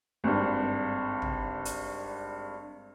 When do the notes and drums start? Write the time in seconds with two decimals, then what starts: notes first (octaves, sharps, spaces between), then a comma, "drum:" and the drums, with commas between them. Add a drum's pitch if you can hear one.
0.24 G#1 G2
1.22 drum: tom
1.65 drum: hi-hat